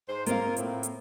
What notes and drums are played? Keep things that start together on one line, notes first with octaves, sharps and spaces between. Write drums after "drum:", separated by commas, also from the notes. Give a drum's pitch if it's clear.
G#2 C5
A#3 C4 F4 A#4 F5, drum: hi-hat
A2, drum: hi-hat
drum: hi-hat